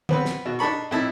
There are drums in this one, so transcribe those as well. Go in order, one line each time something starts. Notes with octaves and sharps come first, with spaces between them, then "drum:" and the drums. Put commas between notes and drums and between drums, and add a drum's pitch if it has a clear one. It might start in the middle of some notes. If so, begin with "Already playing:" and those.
B3 C4 B4, drum: tom D#3
drum: snare
B2
D4 D#4 A4 B5 C#6
F2 A2 D#4 E4 E5 A5